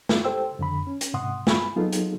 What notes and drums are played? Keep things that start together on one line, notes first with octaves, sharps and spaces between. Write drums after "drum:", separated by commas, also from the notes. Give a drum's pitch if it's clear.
drum: snare
G4 A4 C5 G5 E6
F2 D3 B5
C#4
drum: hi-hat
G#2 C3 F#5 C6 D#6
G#5 B5, drum: snare
F#3 B3 D#4 F4 G#4 A4
drum: hi-hat